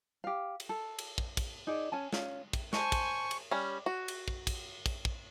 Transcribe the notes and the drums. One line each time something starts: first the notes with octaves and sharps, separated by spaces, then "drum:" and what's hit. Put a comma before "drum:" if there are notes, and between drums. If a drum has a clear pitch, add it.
G4 F5
drum: cymbal
A4
drum: cymbal
drum: kick
drum: kick, cymbal
D#4 G#4 D5
C#4 G#5 A5
C#4 F4, drum: snare
drum: kick, cymbal
C5 G#5 A5 C#6, drum: snare
drum: kick, cymbal
drum: cymbal
G3 C#4
F#4
drum: cymbal
drum: kick
drum: kick, cymbal
drum: kick, cymbal
drum: kick